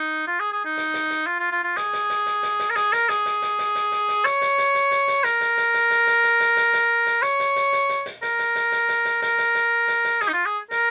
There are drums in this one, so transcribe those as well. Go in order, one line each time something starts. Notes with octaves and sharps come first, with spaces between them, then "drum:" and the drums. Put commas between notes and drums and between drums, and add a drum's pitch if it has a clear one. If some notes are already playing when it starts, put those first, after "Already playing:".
Already playing: D#4
F4
G#4
G#4
D#4
drum: hi-hat
drum: hi-hat
drum: hi-hat
F4
F4
F4
F4
G#4, drum: hi-hat
drum: hi-hat
drum: hi-hat
drum: hi-hat
drum: hi-hat
drum: hi-hat
A#4
G#4, drum: hi-hat
A#4, drum: hi-hat
G#4, drum: hi-hat
drum: hi-hat
drum: hi-hat
drum: hi-hat
drum: hi-hat
drum: hi-hat
drum: hi-hat
C#5, drum: hi-hat
drum: hi-hat
drum: hi-hat
drum: hi-hat
drum: hi-hat
drum: hi-hat
A#4, drum: hi-hat
drum: hi-hat
drum: hi-hat
drum: hi-hat
drum: hi-hat
drum: hi-hat
drum: hi-hat
drum: hi-hat
drum: hi-hat
drum: hi-hat
drum: hi-hat
C#5, drum: hi-hat
drum: hi-hat
drum: hi-hat
drum: hi-hat
drum: hi-hat
drum: hi-hat
A#4, drum: hi-hat
drum: hi-hat
drum: hi-hat
drum: hi-hat
drum: hi-hat
drum: hi-hat
A#4, drum: hi-hat
drum: hi-hat
drum: hi-hat
drum: hi-hat
drum: hi-hat
G#4, drum: hi-hat
D#4
F4
G#4
A#4, drum: hi-hat